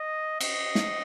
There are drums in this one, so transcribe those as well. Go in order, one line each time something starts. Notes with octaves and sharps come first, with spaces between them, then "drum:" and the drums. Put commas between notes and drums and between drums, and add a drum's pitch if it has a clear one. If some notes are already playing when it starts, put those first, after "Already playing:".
Already playing: D#5
D#5, drum: cymbal
drum: snare